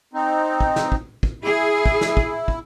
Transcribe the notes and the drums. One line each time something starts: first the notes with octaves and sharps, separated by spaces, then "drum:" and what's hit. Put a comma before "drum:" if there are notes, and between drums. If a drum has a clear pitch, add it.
C4 D#4
drum: kick
drum: snare
drum: kick
drum: kick
E4 G#4
drum: kick
drum: snare
drum: kick
drum: kick